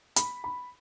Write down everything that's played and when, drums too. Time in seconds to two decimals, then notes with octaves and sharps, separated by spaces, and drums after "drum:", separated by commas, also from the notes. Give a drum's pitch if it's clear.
0.16 B5, drum: hi-hat
0.44 B5